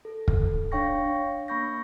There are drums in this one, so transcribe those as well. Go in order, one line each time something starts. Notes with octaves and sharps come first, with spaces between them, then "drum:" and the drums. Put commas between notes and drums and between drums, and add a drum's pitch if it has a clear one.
A4
drum: kick
D4 C#5 F5 G5 C#6 A#6
A#3 B5 C#6 G6 A#6